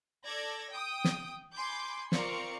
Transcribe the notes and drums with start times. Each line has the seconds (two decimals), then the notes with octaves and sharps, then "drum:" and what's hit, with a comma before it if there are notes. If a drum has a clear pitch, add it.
0.24 A4 D5 G#6 A#6
0.70 G5 D#6
1.04 drum: snare
1.53 G#5 B5 C6 D6 G6
2.12 C4 F4 A#4 D5 C#6 C#7, drum: snare